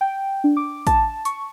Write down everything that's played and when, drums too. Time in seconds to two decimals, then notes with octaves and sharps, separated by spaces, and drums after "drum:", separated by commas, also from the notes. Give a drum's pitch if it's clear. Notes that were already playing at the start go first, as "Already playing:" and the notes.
0.01 G5
0.44 D4
0.57 D6
0.87 A5, drum: kick, hi-hat
1.25 C#6, drum: hi-hat